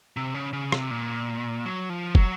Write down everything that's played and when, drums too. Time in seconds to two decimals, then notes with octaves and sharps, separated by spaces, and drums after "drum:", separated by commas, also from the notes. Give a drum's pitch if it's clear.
0.17 C3
0.34 C#3
0.53 C#3
0.72 C3, drum: rim click
0.91 A#2
1.66 F#3
1.90 F3
2.15 F#3, drum: kick